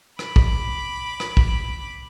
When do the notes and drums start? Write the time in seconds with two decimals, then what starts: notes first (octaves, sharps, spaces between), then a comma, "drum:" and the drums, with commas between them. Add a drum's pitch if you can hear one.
0.19 B5 D6, drum: rim click
0.36 drum: kick
1.20 drum: rim click
1.37 drum: kick